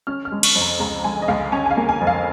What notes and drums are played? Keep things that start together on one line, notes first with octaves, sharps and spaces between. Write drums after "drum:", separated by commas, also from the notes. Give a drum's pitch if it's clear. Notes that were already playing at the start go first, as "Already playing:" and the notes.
C#4 F6
F6
G#3
C#6, drum: cymbal
F2
A#5
C#2 A#5
G#3 G#5
D#5
C#2 F5
C#4 G#5
G#5
F5
A#3
G#5
F2
F5